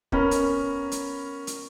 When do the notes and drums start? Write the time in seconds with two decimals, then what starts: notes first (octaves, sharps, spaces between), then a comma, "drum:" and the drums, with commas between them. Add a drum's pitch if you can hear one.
0.12 B3 C#4 A#4 B5, drum: kick
0.31 drum: hi-hat
0.92 drum: hi-hat
1.47 drum: hi-hat